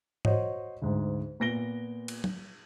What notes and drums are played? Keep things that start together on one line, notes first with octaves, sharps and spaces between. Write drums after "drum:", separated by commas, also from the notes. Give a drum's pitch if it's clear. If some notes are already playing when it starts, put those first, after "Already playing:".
F#4 C5 C#5 D#5, drum: tom G#2
D2 G#2
A#2 B3 A#6 D7 G7
drum: cymbal
drum: tom F#3